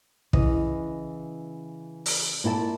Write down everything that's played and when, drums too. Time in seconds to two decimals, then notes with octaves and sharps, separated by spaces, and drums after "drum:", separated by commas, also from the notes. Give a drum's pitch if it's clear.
0.33 C#3 E3 D#5, drum: kick
2.06 drum: open hi-hat
2.44 A#2 E4 G#5 A5